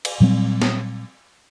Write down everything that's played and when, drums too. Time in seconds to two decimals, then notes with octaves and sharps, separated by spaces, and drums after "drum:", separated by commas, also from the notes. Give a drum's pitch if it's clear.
0.05 drum: cymbal
0.20 A#2 F#3 G3 C4
0.62 drum: snare